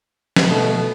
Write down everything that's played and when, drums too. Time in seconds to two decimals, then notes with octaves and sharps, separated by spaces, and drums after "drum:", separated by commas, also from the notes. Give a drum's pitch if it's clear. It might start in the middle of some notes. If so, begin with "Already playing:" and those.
0.36 drum: snare
0.50 B2 A3